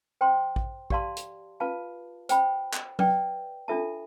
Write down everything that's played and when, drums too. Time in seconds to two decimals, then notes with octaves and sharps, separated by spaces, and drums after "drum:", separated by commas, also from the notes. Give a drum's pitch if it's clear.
0.21 C5 G5 C6
0.56 drum: kick
0.90 G4 D5 F5 A5 C6, drum: kick
1.17 drum: hi-hat
1.60 F4 B4 F5 A5
2.29 C5 G5 B5, drum: hi-hat
2.73 drum: clap
2.99 B4 D5 G5, drum: tom F#3
3.68 D4 F4 A4 E5 A5